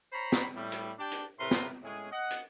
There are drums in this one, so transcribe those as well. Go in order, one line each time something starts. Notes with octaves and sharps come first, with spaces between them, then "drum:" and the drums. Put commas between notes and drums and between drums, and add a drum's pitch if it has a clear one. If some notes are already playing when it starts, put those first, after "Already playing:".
C5 C#5 A#5 B5
drum: snare
A2 G3
drum: hi-hat
D4 G4 D5 G5 A5
drum: hi-hat
A2 C3 A#4 B4 C6
drum: snare
A2 G#3 C#4 G#4
D#5 F#5
drum: hi-hat